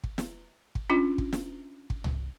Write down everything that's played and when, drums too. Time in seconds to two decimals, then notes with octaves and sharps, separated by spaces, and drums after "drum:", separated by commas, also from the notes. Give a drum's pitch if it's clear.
0.04 drum: kick
0.18 drum: snare
0.75 drum: kick
0.90 C#4 D4 F4
1.18 drum: kick
1.33 drum: snare
1.90 drum: kick
2.04 drum: tom